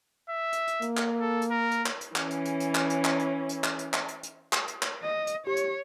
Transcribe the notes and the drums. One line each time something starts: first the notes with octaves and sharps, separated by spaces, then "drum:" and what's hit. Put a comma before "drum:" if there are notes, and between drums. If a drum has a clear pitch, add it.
E5
drum: hi-hat
drum: hi-hat
A#3, drum: hi-hat
drum: clap
A4
drum: hi-hat
A#4
drum: hi-hat
drum: clap
drum: hi-hat
E3 C#4, drum: clap
drum: hi-hat
drum: hi-hat
drum: hi-hat
drum: clap
drum: hi-hat
drum: clap
drum: hi-hat
drum: hi-hat
drum: clap
drum: hi-hat
drum: clap
drum: hi-hat
drum: hi-hat
drum: clap
drum: hi-hat
drum: clap
D#5
drum: hi-hat
G4 C#5
drum: hi-hat